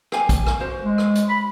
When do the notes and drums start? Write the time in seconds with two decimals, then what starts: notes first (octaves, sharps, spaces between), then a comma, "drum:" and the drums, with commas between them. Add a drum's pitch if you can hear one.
0.12 G4 F5 G#5, drum: rim click
0.29 drum: kick, hi-hat
0.46 drum: rim click
0.60 F#4 C5 F5
0.84 G#3
0.98 drum: rim click
1.15 drum: hi-hat
1.29 B5